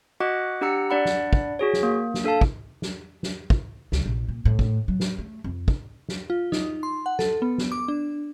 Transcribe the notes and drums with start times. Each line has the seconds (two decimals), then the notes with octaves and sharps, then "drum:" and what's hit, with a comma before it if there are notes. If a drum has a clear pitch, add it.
0.20 F#4 D#5 F#5 D6 F#6
0.61 D4 G4 F#5 A#5 E6 C#7
0.90 D4 D5 F#5 B5
1.05 drum: snare
1.33 drum: kick
1.59 F#4 G#4 C#5
1.73 drum: snare
1.83 A#3
2.14 drum: snare
2.24 D4 A4 F5 A5
2.41 drum: kick
2.82 drum: snare
3.23 drum: snare
3.50 drum: kick
3.92 C#2, drum: snare
4.06 A#1
4.28 A#2
4.45 A2
4.59 drum: kick
4.88 F#3
5.00 drum: snare
5.18 A3
5.44 F2
5.68 drum: kick
6.09 drum: snare
6.30 F4
6.52 D#4, drum: snare
6.83 C6
7.06 F#5
7.19 A4, drum: snare
7.42 B3
7.58 drum: snare
7.72 D6
7.88 D4